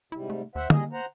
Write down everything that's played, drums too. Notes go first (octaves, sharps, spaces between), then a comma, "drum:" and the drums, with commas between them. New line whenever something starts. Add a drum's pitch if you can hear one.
G#2 C3 G3 E4
A3
D#2 C5 E5 F#5
G3 A#3 G#4 D#5, drum: tom
C5 F#5 A#5